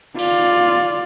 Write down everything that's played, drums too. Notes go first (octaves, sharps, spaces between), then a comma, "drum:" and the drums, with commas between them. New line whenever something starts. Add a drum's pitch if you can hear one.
F4 D5, drum: cymbal